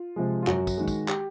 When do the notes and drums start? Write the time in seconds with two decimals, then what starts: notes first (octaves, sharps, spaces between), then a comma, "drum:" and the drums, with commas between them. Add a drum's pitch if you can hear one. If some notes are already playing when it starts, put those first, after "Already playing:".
Already playing: F4
0.16 C3 F3 G#3
0.42 F4
0.47 F#2 F#4, drum: clap
0.67 drum: kick, tambourine
0.78 D#3 G#3
0.88 drum: kick, tambourine
1.08 G4, drum: clap